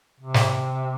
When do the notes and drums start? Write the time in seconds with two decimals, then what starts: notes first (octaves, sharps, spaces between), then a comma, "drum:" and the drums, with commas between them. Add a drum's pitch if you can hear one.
0.20 C3
0.34 drum: snare